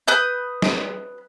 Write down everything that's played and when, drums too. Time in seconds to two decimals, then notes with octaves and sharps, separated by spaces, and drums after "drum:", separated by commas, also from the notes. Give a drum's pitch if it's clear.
0.08 B4 D#6 G6
0.62 drum: snare